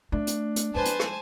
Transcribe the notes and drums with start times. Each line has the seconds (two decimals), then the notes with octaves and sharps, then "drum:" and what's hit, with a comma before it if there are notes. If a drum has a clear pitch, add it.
0.12 A3 D4
0.27 drum: hi-hat
0.56 drum: hi-hat
0.75 F3 G#3 B4 C5 G#5 A5
0.85 drum: hi-hat
1.00 drum: rim click